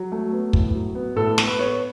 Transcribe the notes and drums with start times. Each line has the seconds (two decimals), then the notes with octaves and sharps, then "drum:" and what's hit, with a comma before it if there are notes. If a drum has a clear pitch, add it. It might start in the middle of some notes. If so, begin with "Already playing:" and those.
Already playing: F#3
0.12 A3
0.32 B3
0.53 A2, drum: kick
0.75 F#3
0.95 B3
1.16 A2 A4
1.38 B3, drum: snare
1.47 B4
1.59 B3 C#5